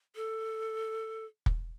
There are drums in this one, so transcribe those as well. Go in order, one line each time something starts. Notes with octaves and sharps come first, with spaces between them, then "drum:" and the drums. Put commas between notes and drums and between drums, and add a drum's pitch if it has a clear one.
A4
drum: kick